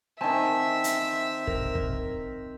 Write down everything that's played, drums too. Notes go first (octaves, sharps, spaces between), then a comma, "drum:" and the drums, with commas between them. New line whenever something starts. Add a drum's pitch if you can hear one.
D#3 C4 E5 G#5 A5
drum: hi-hat
A#4, drum: kick
drum: kick